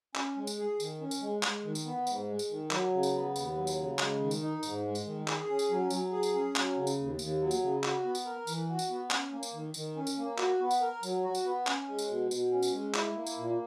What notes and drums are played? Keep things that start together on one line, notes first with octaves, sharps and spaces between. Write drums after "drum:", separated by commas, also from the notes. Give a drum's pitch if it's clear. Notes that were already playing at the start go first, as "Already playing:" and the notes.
C#4, drum: clap
G#3
drum: tambourine
G#4
D#3, drum: tambourine
C#4
drum: tambourine
G#3
G#3, drum: clap
D#3
drum: tambourine
B3
G#2, drum: tambourine
G#3
drum: tambourine
D#3
F#3, drum: clap
C#3
drum: tambourine
B3
D#2, drum: tambourine
F#3
drum: tambourine
C#3
G#3, drum: clap
D#3
drum: tambourine
D#4
G#2, drum: tambourine
G#3
drum: tambourine
D#3
G#4, drum: clap
C#4
drum: tambourine
F#3
F#3, drum: tambourine
G#4
drum: tambourine
C#4
F#3, drum: clap
C#3
drum: tambourine
D#2
D#2, drum: tambourine
F#3
drum: tambourine
C#3
F#4, drum: clap
B3
drum: tambourine
A#4
E3, drum: tambourine
F#4
drum: tambourine
B3
C#4, drum: clap
A#3
drum: tambourine
D#3
D#3, drum: tambourine
C#4
drum: tambourine
A#3
F#4, drum: clap
B3
drum: tambourine
A#4
F#3, drum: tambourine
F#4
drum: tambourine
B3
C#4, drum: clap
G#3
drum: tambourine
B2
B2, drum: tambourine
C#4
drum: tambourine
G#3
E4, drum: clap
A#3
drum: tambourine
A#2